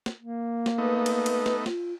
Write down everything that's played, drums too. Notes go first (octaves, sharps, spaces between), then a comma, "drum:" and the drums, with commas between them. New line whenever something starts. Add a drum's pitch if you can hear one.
drum: snare
A#3
drum: snare
A3 B3 D#4 B4
drum: cymbal
drum: cymbal
drum: snare
F4, drum: snare